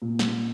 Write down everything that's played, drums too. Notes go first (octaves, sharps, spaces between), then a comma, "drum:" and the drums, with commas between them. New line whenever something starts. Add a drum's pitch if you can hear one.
A#2
drum: snare